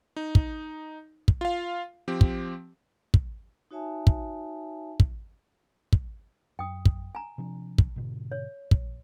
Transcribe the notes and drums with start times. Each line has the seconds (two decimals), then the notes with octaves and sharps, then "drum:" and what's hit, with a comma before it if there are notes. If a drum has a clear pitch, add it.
0.16 D#4
0.35 drum: kick
1.28 drum: kick
1.41 F4 F5
2.08 F3 C4 G4
2.21 drum: kick
3.14 drum: kick
3.71 D#4 F#4 C#5 E5 G#5 A5
4.07 drum: kick
5.00 drum: kick
5.93 drum: kick
6.59 F#2 G5 D#6
6.85 drum: kick
7.15 G#5 A#5
7.38 C3 F3 D4
7.78 drum: kick
7.96 G#2 B2 D3
8.32 C#5
8.71 A#1, drum: kick